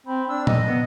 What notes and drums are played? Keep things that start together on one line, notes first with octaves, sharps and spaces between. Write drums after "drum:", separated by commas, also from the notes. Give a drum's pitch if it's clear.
C4 B5
D4 E6
D#5, drum: tom A#2
B3